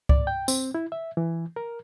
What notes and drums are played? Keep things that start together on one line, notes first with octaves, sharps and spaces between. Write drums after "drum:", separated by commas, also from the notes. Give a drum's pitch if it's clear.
D5, drum: kick C#2
G5
C4, drum: tambourine
E4
E5
E3
A#4